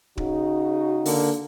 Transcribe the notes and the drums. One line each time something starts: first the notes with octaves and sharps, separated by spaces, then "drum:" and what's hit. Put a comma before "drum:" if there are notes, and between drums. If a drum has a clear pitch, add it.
C#3 D#4 F#4, drum: kick D1
D3 A#3, drum: open hi-hat